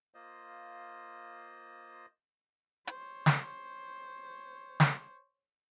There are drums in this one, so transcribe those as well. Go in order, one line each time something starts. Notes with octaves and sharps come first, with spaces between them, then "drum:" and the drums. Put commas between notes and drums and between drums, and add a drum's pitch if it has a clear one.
A#3 F4 C5 D#5
C5 C#5, drum: hi-hat
drum: snare
drum: snare